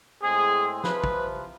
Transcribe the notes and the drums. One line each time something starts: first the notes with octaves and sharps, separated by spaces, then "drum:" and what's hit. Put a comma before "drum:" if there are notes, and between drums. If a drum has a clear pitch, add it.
A2 G#3 C4 G#4
C2 C3 F3 B4, drum: snare
drum: kick